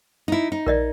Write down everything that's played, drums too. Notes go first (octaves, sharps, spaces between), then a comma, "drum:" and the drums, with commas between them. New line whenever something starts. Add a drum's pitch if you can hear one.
D#4 E4
D#4
A#4 D5 D#5, drum: kick A#1